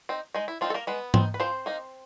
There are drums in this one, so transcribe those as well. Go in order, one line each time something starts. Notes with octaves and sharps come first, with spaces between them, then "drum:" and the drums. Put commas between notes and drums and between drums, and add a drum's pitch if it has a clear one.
C4 D#4
G#3 D#4
E4
F3 C4 D#4 F4
A4
A#3 A#4
G#3 B3 B4
C4 D#4, drum: tom G#2
B4
F3 C4 C5
A#3 D#4